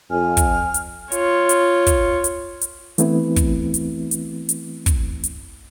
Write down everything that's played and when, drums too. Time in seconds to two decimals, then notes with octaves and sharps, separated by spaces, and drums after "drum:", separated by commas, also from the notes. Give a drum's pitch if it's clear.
0.11 F2 G#5 F6
0.37 drum: kick, hi-hat
0.74 drum: hi-hat
1.12 F4 C#5, drum: hi-hat
1.49 drum: hi-hat
1.87 drum: kick, hi-hat
2.24 drum: hi-hat
2.61 drum: hi-hat
2.98 E3 A3 B3 C4 E4 B4, drum: hi-hat
3.36 drum: kick, hi-hat
3.74 drum: hi-hat
4.11 drum: hi-hat
4.49 drum: hi-hat
4.86 drum: kick, hi-hat
5.24 drum: hi-hat